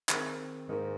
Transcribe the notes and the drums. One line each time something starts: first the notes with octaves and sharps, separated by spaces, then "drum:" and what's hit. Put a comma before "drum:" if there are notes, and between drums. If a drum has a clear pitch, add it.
D#3 C4 G#4, drum: clap
G#2 D#3 A#3 D#4 A#4